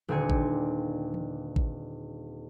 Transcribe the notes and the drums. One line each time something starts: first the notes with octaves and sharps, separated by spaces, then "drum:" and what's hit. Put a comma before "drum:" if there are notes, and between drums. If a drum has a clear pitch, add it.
D#1 D3 C4 G#5 C#7
drum: kick A1
drum: tom E3
drum: kick A1